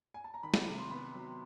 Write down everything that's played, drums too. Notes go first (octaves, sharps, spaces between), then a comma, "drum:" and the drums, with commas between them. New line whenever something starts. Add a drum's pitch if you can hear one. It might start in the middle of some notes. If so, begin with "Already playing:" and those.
G#5
A5
A#5
D#3 B5
drum: snare
C3
C6
B3 B5
F#3